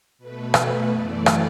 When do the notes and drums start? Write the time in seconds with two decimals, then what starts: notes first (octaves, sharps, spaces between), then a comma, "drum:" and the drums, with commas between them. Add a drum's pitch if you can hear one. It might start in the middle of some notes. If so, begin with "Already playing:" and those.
0.18 B2 A3 B4
0.54 B4, drum: rim click
0.90 F#2 E3 A3 D5
1.26 drum: rim click